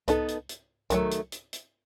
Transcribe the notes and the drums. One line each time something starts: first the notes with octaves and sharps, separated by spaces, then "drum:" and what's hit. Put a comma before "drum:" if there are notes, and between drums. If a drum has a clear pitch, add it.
B3 D#4 A4, drum: kick C2, hi-hat
drum: hi-hat
drum: hi-hat
D#3 F#3 A3, drum: kick C2, hi-hat
drum: hi-hat
drum: hi-hat
drum: hi-hat